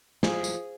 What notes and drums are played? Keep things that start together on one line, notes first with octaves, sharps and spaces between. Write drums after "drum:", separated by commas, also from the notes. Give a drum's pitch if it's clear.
F3 G#4, drum: snare
drum: tambourine